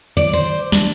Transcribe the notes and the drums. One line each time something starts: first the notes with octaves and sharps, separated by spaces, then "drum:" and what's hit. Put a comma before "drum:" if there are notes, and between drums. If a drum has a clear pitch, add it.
D5
C5
D4, drum: snare